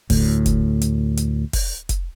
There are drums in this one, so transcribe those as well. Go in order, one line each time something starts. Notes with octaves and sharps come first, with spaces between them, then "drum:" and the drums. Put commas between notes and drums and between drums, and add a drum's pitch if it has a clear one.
D2 A2, drum: kick, open hi-hat
drum: kick, hi-hat
drum: hi-hat
drum: hi-hat
drum: kick, open hi-hat
drum: kick, hi-hat